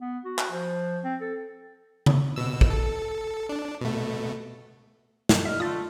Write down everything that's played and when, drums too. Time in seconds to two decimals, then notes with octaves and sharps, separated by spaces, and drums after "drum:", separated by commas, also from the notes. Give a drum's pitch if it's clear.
0.01 B3
0.25 F#4
0.39 drum: clap
0.51 F3
1.04 C4
1.21 A4
2.06 drum: tom C#3
2.36 B2 E6
2.61 drum: kick
2.70 A4
3.49 D4
3.81 B2 A3
5.29 F#2 B2 D3, drum: snare
5.45 D3 D#5 E5 F6
5.60 D3 A3 F4 D#6 A6